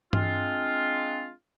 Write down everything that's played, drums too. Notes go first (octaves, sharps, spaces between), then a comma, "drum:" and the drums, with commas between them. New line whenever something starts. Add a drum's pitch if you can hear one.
G#3 C4 D4 F4, drum: tom G2